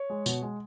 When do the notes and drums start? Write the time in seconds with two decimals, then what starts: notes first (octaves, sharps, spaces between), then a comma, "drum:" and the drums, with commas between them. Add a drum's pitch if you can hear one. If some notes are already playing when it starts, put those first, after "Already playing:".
Already playing: C#5
0.10 G#3
0.26 B2, drum: tambourine
0.42 G#3